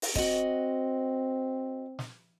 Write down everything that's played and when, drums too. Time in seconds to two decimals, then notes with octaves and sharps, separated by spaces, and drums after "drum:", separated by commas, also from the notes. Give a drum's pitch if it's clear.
0.02 drum: open hi-hat
0.15 C4 F#4 D#5, drum: kick
1.99 drum: snare